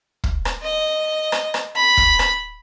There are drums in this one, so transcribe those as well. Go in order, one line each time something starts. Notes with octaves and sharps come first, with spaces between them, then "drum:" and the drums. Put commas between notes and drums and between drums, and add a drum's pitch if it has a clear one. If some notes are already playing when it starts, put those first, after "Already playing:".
drum: kick
drum: rim click
D#5
drum: rim click
drum: rim click
B5
drum: kick
drum: rim click